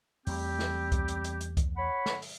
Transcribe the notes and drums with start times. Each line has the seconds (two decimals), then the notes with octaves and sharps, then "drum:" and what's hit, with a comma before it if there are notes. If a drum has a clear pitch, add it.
0.27 E2 G3 A3 C4 G4, drum: open hi-hat
0.59 drum: snare
0.92 drum: kick C2, hi-hat
1.08 drum: hi-hat
1.24 drum: hi-hat
1.41 drum: hi-hat
1.57 drum: kick C2, hi-hat
1.77 C#5 F#5 B5
2.06 drum: snare
2.22 drum: open hi-hat